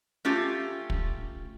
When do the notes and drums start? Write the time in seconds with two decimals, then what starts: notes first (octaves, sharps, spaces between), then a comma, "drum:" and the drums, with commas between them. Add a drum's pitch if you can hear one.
0.25 A3 C#4 F4 G4
0.90 drum: kick